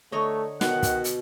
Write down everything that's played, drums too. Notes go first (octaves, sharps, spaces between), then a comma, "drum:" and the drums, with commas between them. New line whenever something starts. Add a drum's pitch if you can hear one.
D3 A3 C#5 D#5 A#5
B2 D#3 F#5, drum: snare
drum: kick, hi-hat
drum: hi-hat